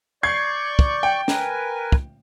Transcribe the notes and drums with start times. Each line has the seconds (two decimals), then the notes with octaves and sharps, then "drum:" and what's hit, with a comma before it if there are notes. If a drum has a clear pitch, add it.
0.23 D5 C#6 G6 G#6 C7
0.79 drum: kick
1.03 G5
1.28 A#4 B4 G#5, drum: snare
1.92 drum: kick